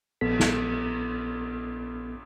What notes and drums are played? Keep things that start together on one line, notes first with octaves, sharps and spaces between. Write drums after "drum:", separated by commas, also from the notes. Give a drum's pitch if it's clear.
A#1 B3 A4 B6, drum: cymbal
drum: snare